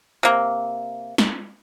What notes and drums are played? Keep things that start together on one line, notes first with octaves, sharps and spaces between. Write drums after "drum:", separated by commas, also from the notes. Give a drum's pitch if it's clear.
C3 A#3
drum: snare